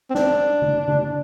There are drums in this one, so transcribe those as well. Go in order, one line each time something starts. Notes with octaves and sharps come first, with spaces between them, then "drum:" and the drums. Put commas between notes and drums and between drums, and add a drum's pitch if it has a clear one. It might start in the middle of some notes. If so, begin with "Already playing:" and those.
C4
D4, drum: snare
drum: tom C#3
drum: tom C#3